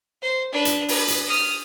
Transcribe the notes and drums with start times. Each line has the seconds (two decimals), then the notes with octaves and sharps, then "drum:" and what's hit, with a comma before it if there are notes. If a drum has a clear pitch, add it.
0.22 C5
0.52 D4 B4
0.65 drum: hi-hat
0.88 B4, drum: open hi-hat
1.08 drum: hi-hat
1.28 D#6 F6